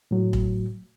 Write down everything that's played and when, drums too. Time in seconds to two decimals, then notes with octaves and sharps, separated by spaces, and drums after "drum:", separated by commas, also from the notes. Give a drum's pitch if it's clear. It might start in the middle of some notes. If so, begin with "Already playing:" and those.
0.11 A2 F#3
0.33 drum: kick